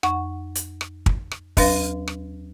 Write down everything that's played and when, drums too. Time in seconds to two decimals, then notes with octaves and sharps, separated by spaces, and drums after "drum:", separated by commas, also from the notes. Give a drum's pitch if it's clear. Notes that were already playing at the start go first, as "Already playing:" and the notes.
0.03 F2 F#5 C#6, drum: rim click
0.55 drum: hi-hat
0.81 drum: rim click
1.06 drum: kick
1.31 drum: rim click
1.57 D#2 F#3 D4 B4 F5 A#6, drum: kick, open hi-hat
2.08 drum: rim click